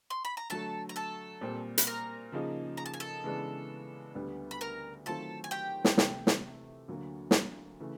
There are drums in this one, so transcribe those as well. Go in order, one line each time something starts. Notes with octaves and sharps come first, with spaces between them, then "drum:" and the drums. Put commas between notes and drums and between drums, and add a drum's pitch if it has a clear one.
C6
B5
A#5
D3 F#3 A3 A4 A5
A#5
A4 A5
A#2 G3 C4
B5, drum: hi-hat
A#4 A#5
C#3 F3 A#3 D#4 G#4
A#5
A5
G#5
A4 A5
C#3 E3 G#3 B3 D4
D2 D3 G3 B3
B5
A#4 A#5
D#3 F#3 A3 C4 F4 A4 A5
G#5
G4 G5
drum: snare
C3 E3 A3, drum: snare
drum: snare
D2 D3 F#3 A#3
drum: snare
C#3 E3 A3